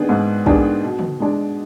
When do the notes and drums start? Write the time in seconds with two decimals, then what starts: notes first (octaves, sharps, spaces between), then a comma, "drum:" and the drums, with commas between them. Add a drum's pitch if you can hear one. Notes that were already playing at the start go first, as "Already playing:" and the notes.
Already playing: D#3 B3 D4 G#4
0.09 G#2
0.46 D#3 B3 D4 G#4, drum: kick A#1
0.83 B2
0.99 drum: tom
1.20 G#3 D4